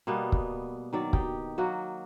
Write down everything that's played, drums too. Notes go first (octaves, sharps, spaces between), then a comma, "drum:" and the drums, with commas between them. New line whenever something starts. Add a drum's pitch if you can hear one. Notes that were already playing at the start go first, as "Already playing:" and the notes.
B2 G3 A#3 B3
drum: kick
D#3 F#3 D5
D#4 G4, drum: kick
F#3 A#3 F#4